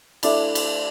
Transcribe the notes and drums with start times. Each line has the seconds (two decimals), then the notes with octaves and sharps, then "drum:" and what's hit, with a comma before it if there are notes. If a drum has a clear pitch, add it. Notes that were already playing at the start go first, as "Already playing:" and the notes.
0.23 A3 D4 E4, drum: cymbal
0.55 drum: cymbal